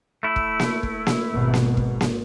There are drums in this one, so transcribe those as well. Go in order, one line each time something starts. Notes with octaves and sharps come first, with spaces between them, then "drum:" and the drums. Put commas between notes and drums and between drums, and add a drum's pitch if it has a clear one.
A3 E4
drum: kick
drum: snare A#3
drum: kick
drum: snare A#3
G#1 B2
drum: snare A#3
drum: kick
drum: snare A#3